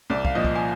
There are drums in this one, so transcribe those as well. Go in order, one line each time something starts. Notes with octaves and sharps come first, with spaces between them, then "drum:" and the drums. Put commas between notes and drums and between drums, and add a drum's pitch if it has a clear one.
C2 D5
F5, drum: kick
A#2 F3 D#5
drum: kick
G#5